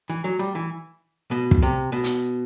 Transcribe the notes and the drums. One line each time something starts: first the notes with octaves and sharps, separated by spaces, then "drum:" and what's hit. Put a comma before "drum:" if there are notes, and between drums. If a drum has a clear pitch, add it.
E3
F#3
G3
E3
B2
drum: kick
C3
B2
drum: hi-hat